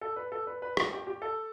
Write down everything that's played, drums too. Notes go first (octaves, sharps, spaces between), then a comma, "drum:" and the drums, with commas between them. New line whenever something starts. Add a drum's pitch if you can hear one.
A4
B4
A4
B4
B4
G4, drum: rim click
G4
G4
A4